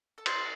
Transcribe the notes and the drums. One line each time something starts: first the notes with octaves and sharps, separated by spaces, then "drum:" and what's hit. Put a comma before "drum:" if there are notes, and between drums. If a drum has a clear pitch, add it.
A4
C5 E6 A6 C7 F#7, drum: cymbal